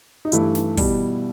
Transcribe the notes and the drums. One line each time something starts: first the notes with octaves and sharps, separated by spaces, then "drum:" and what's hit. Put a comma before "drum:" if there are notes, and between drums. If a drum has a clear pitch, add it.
D#4
G2 E3 A3 E4, drum: hi-hat
drum: snare
B2 G3, drum: kick, open hi-hat